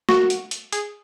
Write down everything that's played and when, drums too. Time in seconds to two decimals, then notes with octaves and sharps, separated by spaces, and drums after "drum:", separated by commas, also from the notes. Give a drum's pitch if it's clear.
0.09 F#4, drum: snare
0.30 drum: hi-hat
0.51 drum: hi-hat
0.72 G#4, drum: hi-hat